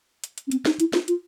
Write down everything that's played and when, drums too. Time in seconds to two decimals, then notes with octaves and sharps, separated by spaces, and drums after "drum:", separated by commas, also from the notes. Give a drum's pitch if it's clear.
0.24 drum: hi-hat
0.38 drum: hi-hat
0.47 C#4
0.51 C4, drum: hi-hat
0.65 D#4, drum: snare
0.80 E4, drum: hi-hat
0.93 F4, drum: snare
1.08 F4, drum: hi-hat